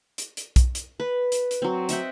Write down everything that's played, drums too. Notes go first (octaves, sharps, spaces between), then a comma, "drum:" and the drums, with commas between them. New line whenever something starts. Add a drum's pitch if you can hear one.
drum: hi-hat
drum: hi-hat
drum: kick B1, hi-hat
drum: hi-hat
B4
drum: hi-hat
drum: hi-hat
F#3 C4
D#5 E5 F#5 G5, drum: hi-hat